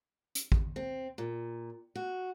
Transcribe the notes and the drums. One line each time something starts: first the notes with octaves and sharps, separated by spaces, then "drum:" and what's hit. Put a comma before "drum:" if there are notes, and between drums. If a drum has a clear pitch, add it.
drum: hi-hat
drum: kick A1
C4
A#2
F#4